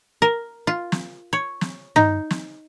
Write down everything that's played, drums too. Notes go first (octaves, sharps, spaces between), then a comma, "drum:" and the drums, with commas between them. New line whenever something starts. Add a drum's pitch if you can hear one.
A#4
F4
drum: snare
C#5
drum: snare
D#4, drum: tom G2
drum: snare